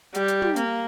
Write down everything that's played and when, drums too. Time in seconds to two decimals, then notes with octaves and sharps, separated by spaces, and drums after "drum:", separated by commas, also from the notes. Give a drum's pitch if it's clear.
0.14 G3, drum: hi-hat
0.28 drum: hi-hat
0.42 drum: tom
0.56 A#3, drum: hi-hat